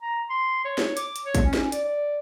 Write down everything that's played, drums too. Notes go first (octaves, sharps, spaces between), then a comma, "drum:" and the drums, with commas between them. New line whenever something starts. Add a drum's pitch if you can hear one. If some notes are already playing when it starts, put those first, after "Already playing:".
A#5
C6
C#5
drum: snare
D6, drum: hi-hat
drum: hi-hat
C#5
drum: kick, hi-hat
C#4
drum: snare
D5, drum: hi-hat
D5